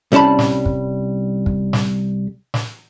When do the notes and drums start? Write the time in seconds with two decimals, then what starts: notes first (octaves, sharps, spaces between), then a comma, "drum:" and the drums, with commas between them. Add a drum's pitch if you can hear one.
0.12 C2 G3 C#4 A5 B5
0.39 drum: snare
0.65 drum: kick
1.46 drum: kick
1.73 drum: snare
2.54 drum: snare